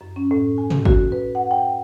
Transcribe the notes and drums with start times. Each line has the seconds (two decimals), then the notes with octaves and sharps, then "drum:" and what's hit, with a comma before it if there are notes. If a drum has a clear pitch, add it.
0.01 F#2
0.16 C#4
0.31 A2
0.58 G#5
0.70 drum: tom
0.85 F#4, drum: kick G#1
1.12 B4
1.35 F#5
1.51 G5